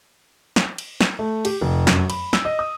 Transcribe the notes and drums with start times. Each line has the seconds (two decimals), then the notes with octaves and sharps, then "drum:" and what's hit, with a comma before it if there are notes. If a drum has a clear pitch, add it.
0.56 drum: snare
0.78 drum: cymbal
1.01 drum: snare
1.19 A3
1.45 G4, drum: cymbal
1.61 F1
1.87 F#2, drum: snare
2.10 B5, drum: cymbal
2.33 E6, drum: snare
2.45 D#5
2.59 D#6